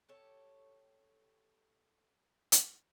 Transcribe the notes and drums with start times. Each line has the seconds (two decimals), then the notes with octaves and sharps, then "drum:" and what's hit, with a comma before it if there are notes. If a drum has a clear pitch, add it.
0.09 G4 A4 C#5
2.52 drum: hi-hat